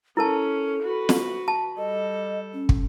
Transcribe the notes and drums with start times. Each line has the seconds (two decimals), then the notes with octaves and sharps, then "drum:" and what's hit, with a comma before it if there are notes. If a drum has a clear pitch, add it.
0.17 C#4 E4 A4 A#4 A5
0.82 F#4 B4
1.09 drum: snare
1.48 A5
1.77 G3 A4 D#5
2.54 C#4
2.69 drum: kick